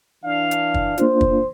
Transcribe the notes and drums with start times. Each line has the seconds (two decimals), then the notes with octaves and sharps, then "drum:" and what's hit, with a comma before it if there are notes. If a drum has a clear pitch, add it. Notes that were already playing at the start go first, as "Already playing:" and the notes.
0.24 E3 D4 F5
0.51 drum: hi-hat
0.74 drum: kick
0.98 A#3 D4 F4 C5, drum: hi-hat
1.21 drum: kick